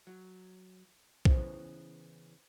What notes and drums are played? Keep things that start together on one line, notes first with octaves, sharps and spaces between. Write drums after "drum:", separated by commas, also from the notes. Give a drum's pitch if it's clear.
F#3
C#3 E3 B3 C5, drum: kick